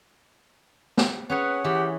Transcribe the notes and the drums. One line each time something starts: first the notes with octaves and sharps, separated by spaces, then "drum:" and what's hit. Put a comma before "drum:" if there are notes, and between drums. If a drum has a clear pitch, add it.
drum: snare
C#4 G#4 B4 C#5 F#5
E3 G4